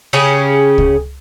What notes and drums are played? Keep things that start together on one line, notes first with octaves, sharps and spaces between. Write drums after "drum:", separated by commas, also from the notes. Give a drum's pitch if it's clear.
C#3 C#4 G4 G#4
drum: kick C#2